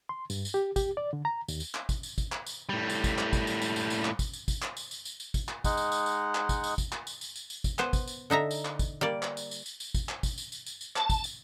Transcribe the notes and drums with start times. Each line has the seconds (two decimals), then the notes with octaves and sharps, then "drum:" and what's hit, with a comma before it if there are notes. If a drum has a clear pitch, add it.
0.09 C6
0.30 G2, drum: tambourine
0.45 drum: tambourine
0.54 G4
0.76 G4, drum: kick, tambourine
0.97 D5
1.13 D3
1.25 A#5
1.48 D#2, drum: tambourine
1.60 drum: tambourine
1.75 drum: clap
1.89 drum: kick, tambourine
2.03 drum: tambourine
2.18 drum: kick, tambourine
2.32 drum: clap
2.46 drum: tambourine
2.69 A2 G3
2.90 drum: tambourine
3.04 drum: kick, tambourine
3.18 drum: clap
3.33 drum: kick, tambourine
3.47 drum: tambourine
3.62 drum: tambourine
3.76 drum: tambourine
3.90 drum: tambourine
4.05 drum: clap
4.19 drum: kick, tambourine
4.33 drum: tambourine
4.48 drum: kick, tambourine
4.62 drum: clap
4.77 drum: tambourine
4.91 drum: tambourine
5.05 drum: tambourine
5.20 drum: tambourine
5.34 drum: kick, tambourine
5.49 drum: clap
5.64 G#3 D#4 F#5, drum: kick, tambourine
5.77 drum: tambourine
5.92 drum: tambourine
6.06 drum: tambourine
6.35 drum: clap
6.49 drum: kick, tambourine
6.64 drum: tambourine
6.78 drum: kick, tambourine
6.92 drum: clap
7.07 drum: tambourine
7.21 drum: tambourine
7.36 drum: tambourine
7.50 drum: tambourine
7.64 drum: kick, tambourine
7.79 B3 C5, drum: clap
7.93 drum: kick, tambourine
8.07 drum: tambourine
8.30 D3 D#4 E5 A#5
8.51 drum: tambourine
8.65 drum: clap
8.79 drum: kick, tambourine
9.01 G3 A#3 D5
9.23 drum: clap
9.37 drum: tambourine
9.51 drum: tambourine
9.66 drum: tambourine
9.80 drum: tambourine
9.95 drum: kick, tambourine
10.09 drum: clap
10.23 drum: kick, tambourine
10.38 drum: tambourine
10.52 drum: tambourine
10.66 drum: tambourine
10.81 drum: tambourine
10.96 A5, drum: clap
11.10 drum: kick, tambourine
11.24 drum: tambourine